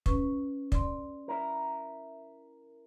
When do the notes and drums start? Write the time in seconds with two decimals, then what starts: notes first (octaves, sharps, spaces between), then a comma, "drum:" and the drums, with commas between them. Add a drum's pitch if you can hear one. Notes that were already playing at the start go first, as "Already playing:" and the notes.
0.06 C#4 B4 C#6, drum: kick
0.72 D5 C6, drum: kick
1.28 E4 A#4